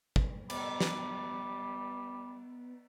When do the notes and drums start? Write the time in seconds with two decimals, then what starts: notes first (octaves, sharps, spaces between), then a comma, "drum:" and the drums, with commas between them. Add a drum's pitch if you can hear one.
0.16 drum: kick G1
0.50 G3 B3, drum: cymbal
0.81 drum: snare